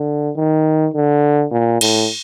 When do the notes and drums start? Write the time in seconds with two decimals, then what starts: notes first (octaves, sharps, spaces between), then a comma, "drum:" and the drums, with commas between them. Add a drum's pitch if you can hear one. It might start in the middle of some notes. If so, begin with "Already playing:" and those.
Already playing: D3
0.37 D#3
0.94 D3
1.51 A#2
1.81 A2, drum: cymbal